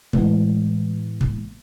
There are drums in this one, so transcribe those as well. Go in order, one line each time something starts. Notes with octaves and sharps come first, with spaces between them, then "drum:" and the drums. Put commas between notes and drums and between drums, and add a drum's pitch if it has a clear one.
A2 E3 G#3 B3, drum: kick
drum: kick